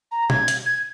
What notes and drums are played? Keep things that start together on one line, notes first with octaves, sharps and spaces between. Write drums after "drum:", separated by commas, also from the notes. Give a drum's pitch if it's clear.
A#5
G#6, drum: tom B2
drum: hi-hat
G#6